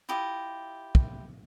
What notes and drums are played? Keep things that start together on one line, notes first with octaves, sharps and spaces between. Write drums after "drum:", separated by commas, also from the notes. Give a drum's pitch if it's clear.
E4 F4 G4 D#5
drum: kick